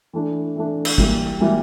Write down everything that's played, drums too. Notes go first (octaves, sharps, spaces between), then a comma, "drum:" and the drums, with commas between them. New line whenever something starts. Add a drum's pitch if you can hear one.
E3 A3 D4
E3 A3 D4
drum: cymbal
E3 G3 A#3, drum: kick
E3 G3 A#3